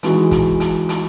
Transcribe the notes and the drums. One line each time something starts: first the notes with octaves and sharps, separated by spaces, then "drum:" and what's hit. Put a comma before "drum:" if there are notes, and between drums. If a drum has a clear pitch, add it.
E3 G#3 D#4 F#4, drum: hi-hat
drum: kick, hi-hat
drum: hi-hat
drum: hi-hat